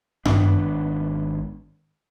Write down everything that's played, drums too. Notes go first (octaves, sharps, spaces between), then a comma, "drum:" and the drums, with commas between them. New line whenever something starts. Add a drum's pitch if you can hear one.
G#1 B3 D4, drum: tom G2